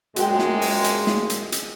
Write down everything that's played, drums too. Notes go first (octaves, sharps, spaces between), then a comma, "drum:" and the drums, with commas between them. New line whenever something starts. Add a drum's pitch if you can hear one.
F#2 A#2 G#3 F#4 G5, drum: hi-hat
drum: snare
drum: open hi-hat
drum: hi-hat
drum: snare
drum: hi-hat
drum: hi-hat